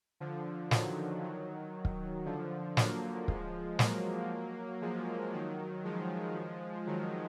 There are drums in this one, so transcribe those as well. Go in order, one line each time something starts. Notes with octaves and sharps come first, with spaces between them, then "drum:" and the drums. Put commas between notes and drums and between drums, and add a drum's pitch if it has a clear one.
D3 F3
D#3 F#3, drum: snare
D#3 F#3
drum: kick
D3 F3
F#3 A#3, drum: snare
F3 G#3, drum: kick
F#3 A#3, drum: snare
F3 G#3
D#3 F#3
F3 G#3
D#3 F#3